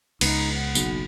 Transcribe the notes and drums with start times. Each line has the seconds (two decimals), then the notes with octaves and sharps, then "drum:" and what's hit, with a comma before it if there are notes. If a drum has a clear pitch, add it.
0.21 C#2 B3 D#4, drum: cymbal
0.54 F#5
0.75 F#1 B1, drum: tambourine